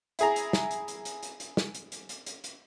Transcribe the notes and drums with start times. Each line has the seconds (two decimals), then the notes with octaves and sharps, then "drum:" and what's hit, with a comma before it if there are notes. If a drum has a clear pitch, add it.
0.19 E4 G#4 A#5, drum: hi-hat
0.36 drum: hi-hat
0.53 drum: snare
0.71 drum: hi-hat
0.88 drum: hi-hat
1.05 drum: hi-hat
1.23 drum: hi-hat
1.40 drum: hi-hat
1.57 drum: snare
1.75 drum: hi-hat
1.92 drum: hi-hat
2.09 drum: hi-hat
2.26 drum: hi-hat
2.44 drum: hi-hat